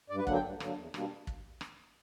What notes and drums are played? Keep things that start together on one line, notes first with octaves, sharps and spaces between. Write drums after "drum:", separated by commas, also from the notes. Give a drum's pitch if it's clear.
G2 D5
B4
D3 F#3 A#3 D4 F#5, drum: kick
G5
G2
D3 F#3 A#3 D4, drum: rim click
E2
B2 G3 A#3 D4, drum: rim click
drum: kick
drum: rim click